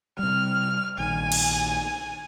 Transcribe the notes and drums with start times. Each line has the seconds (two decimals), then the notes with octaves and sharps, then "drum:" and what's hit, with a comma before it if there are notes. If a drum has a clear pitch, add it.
0.19 C3 G3 F6
0.98 A#1 D#3 G#5
1.32 drum: cymbal